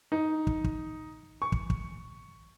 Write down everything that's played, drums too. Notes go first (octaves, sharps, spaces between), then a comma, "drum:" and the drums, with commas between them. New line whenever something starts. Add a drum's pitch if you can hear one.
D#4
drum: kick
drum: kick
C#6
drum: kick
drum: kick